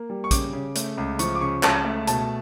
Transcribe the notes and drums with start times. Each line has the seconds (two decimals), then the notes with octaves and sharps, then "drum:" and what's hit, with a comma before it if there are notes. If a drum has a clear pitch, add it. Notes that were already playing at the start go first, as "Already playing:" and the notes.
Already playing: A#3
0.10 G3
0.24 C#6
0.31 C#3 D6, drum: kick, hi-hat
0.53 C#3
0.75 A3, drum: hi-hat
0.97 C#2
1.19 F3 C#6, drum: hi-hat
1.35 D6
1.41 C#3 C#6
1.63 C#2 A5, drum: clap
1.85 A3
2.07 B2 A5, drum: hi-hat